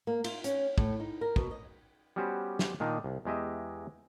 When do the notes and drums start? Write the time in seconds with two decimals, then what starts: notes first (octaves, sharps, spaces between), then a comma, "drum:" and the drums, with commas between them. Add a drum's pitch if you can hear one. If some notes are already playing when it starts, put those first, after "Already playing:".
0.07 A#3
0.24 F4, drum: cymbal
0.44 C#4, drum: hi-hat
0.78 A2, drum: kick
1.00 D#4
1.21 A#4
1.36 B2, drum: kick
1.51 D#5
2.16 G3 B3 C#4 F#4 G4 C5
2.59 drum: snare
2.80 A#2 D#3 D4 D#4
3.04 C2
3.25 E2 G#3 G4 D#5 E5